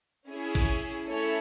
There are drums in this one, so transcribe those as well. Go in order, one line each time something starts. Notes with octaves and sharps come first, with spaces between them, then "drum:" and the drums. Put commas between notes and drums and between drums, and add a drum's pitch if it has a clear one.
C#4 E4 G#4
drum: kick A1, hi-hat
A3 C#4 E4 A4 C#5